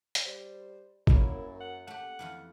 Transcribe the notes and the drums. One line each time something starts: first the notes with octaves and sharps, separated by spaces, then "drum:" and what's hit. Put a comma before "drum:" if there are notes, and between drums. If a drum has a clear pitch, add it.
drum: hi-hat
G3 C5
F#2 A#3 C#4 E4 D#5, drum: kick
F#5
A3 G4 F#5
F2 E3 F4